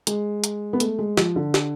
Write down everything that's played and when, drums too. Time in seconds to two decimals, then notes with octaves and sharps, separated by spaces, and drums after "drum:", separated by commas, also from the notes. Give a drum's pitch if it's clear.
0.07 G#3, drum: hi-hat
0.44 drum: hi-hat
0.73 B3
0.80 A3, drum: hi-hat
0.99 G#3
1.17 F3, drum: snare
1.36 D3
1.54 drum: snare